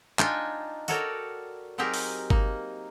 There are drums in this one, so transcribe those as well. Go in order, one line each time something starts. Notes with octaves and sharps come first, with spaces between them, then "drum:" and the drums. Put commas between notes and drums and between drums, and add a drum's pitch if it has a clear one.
D4 D#4 F4 G5 G#5, drum: clap
F#4 A4 A#4 C#5 D5 G5, drum: tambourine
F#3 C4 D#4 G4 G#4 A#4
drum: open hi-hat
A#3 D#4, drum: kick G1